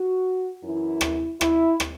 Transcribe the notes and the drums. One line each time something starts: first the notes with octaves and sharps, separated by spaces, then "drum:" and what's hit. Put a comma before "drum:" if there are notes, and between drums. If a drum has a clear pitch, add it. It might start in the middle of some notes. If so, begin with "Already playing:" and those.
Already playing: F#4
F#2 E3 E4
drum: rim click
E4, drum: rim click
drum: rim click